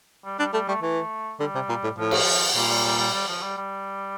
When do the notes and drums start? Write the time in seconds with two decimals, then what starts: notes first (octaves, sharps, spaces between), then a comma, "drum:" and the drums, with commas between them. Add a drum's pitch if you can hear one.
0.25 G3
0.39 G3 D4
0.53 G3 A3
0.68 G3 A3
0.82 E3 A3
1.40 D3 G3
1.55 C3
1.69 A#2
1.83 A2
1.98 A2 F3
2.11 drum: cymbal
2.56 A#2 G3
2.70 G3
2.85 G3
2.99 G3
3.14 G3
3.28 F3
3.42 G3
3.57 G3